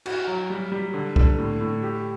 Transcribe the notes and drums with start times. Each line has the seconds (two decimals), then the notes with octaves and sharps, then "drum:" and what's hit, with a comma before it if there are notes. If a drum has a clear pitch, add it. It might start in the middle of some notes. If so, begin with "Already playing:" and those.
0.06 F#4, drum: cymbal
0.27 F#3
0.50 G3
0.72 G3
0.94 D3
1.16 D3, drum: kick
1.38 A2
1.61 A2
1.83 G4